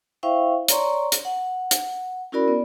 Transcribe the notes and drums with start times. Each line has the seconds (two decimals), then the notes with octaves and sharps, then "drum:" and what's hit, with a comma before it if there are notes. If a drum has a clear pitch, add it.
0.23 E4 C5 E5 F5 G5 C#6
0.68 C#5 D5 A#5 C6 C#6, drum: hi-hat
1.12 drum: hi-hat
1.25 F#5
1.71 drum: hi-hat
2.32 C#4 E4 F#4 A#4 D5 B5
2.48 B3 D5